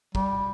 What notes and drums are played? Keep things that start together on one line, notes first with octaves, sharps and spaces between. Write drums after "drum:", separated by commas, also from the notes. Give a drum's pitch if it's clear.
G3, drum: kick